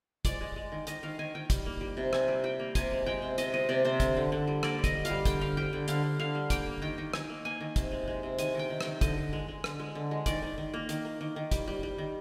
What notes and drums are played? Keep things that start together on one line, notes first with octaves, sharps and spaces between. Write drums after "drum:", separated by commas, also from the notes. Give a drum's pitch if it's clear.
G#3 D5, drum: kick, hi-hat
G#3
G#3
D#3
D#3 D#5, drum: hi-hat
D#3 F5
D#3 G#5
D#3 G5
G3, drum: kick, hi-hat
A#3
G3
C3
G3 G#5, drum: rim click
G3
G3 G5
A#3
C3 G#5, drum: kick, hi-hat
G#3
G#3 G5
C3
C3 D#5, drum: hi-hat
G#3 D#5
C3 D5
C3 C5
D3, drum: kick, hi-hat
D3
D3
G3
A#3 D5, drum: rim click
D3
D#5, drum: kick, hi-hat
G3
F5, drum: hi-hat
G3
D3 G5, drum: kick, hi-hat
D3 F5
G3 G5
D3
D3 F5, drum: hi-hat
D3
D3 F5
G3
A#3 G5, drum: kick, hi-hat
A#3
D#3 G5
D#3
D#3 G#5, drum: rim click
A#3
A#3 G#5
D#3
C3, drum: kick, hi-hat
G#3
G#3
C3
D#3 G#5, drum: hi-hat
D#3 G5
D#3
D#3 G5, drum: rim click
D3 D#5, drum: kick, hi-hat
D3
G#3
G#3
D3, drum: rim click
G#3
D3
G#3
D#3 D5, drum: kick, hi-hat
D#3
D#3
A#3
D#3, drum: hi-hat
A#3
D#3
D#3
G3, drum: kick, hi-hat
G3
G3
D#3